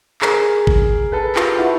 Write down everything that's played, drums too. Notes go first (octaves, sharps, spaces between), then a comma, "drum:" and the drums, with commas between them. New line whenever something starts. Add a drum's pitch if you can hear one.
G#4 A#4, drum: clap
drum: kick G#1
A4 B4
F4 G4, drum: clap
E4 F#4